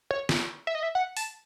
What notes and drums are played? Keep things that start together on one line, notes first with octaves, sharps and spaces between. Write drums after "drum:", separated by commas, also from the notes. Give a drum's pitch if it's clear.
C#5
drum: snare
E5
D#5
E5
F#5
A5, drum: open hi-hat